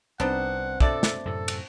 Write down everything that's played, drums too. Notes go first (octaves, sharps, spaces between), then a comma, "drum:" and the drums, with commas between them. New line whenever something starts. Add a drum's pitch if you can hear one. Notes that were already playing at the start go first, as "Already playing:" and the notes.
C2 B3 C4 D4 D#4 F#5
B2 A3 D4 A4 D5, drum: kick
drum: snare
F#2 A2 C3 A4
drum: cymbal